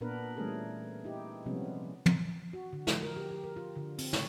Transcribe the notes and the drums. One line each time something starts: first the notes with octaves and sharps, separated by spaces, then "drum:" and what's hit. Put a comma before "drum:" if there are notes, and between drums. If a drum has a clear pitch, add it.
A#2 B3 D4 A#4 B4
E3 G3 A3 C#4 G#4 A#4
D#4 E4 G4
C3 F3 G3 G#3 B3 C#4
drum: tom
F#4
D3
F3, drum: snare
A#4
G4
G4
A#4
F4
D3
C4, drum: open hi-hat
C#5, drum: snare